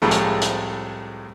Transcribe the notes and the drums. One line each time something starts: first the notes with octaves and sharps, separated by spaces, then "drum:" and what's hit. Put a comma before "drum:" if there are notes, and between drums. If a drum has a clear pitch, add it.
C2 A2 F3 G#3 A3
drum: hi-hat
drum: hi-hat